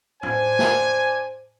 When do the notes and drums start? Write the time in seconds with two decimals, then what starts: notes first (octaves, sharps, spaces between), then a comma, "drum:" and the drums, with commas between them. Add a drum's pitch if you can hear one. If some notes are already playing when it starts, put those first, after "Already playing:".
0.23 D4 C5 G#5, drum: tom
0.59 drum: snare